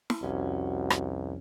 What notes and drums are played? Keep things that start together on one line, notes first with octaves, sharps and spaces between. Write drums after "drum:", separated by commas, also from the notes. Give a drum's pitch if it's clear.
drum: snare
C2 F2 C#4 F#4
drum: rim click